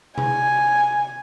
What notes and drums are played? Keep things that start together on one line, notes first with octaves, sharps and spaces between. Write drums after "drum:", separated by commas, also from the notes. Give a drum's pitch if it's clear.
G#5, drum: tom C3